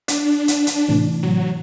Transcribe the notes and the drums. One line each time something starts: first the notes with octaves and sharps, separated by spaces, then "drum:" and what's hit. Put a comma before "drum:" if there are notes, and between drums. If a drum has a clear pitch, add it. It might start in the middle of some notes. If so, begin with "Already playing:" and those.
D4, drum: hi-hat
drum: hi-hat
drum: hi-hat
A2 C3 E3
F#3